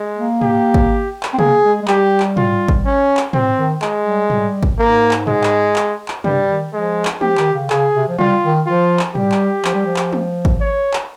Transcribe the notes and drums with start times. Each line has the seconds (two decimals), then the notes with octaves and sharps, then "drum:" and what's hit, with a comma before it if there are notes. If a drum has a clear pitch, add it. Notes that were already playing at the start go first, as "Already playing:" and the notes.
Already playing: G#3
0.18 A#3
0.41 G4, drum: tom G#2
0.74 drum: kick G#1
1.23 drum: clap
1.33 C4
1.39 A#3 G#4, drum: tom
1.63 G#3
1.82 G#3
1.88 G3 G4, drum: clap
2.20 drum: clap
2.37 F4, drum: tom
2.68 drum: kick G#1
2.85 C#4
3.17 drum: clap
3.33 C4, drum: tom
3.57 D#3
3.82 G#3, drum: clap
4.06 G3
4.30 G3, drum: tom G#2
4.63 drum: kick G#1
4.79 G#2 A#3
5.11 drum: clap
5.27 G#3, drum: tom G#2
5.43 drum: clap
5.76 drum: clap
6.08 drum: clap
6.24 G2 G3, drum: tom
6.48 D#3
6.73 F3 G#3
7.05 drum: clap
7.21 F3 G4, drum: tom
7.37 D#3, drum: clap
7.54 C#3
7.70 C#3 G#4, drum: clap
7.95 C3
8.08 F3
8.19 G3 F4, drum: tom
8.43 D#3
8.66 F3 F4
8.99 drum: clap
9.15 G3 G4, drum: tom G#2
9.32 drum: clap
9.65 F3, drum: clap
9.74 G3
9.86 F3
9.96 drum: clap
10.13 drum: tom
10.45 drum: kick G#1
10.61 C#5
10.93 drum: clap